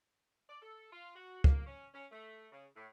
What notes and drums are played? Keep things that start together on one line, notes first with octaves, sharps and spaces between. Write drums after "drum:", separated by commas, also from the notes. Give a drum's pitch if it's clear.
D5
A4
F4
F#4
A#3, drum: kick
C#4
C#4
A3
C#3
A2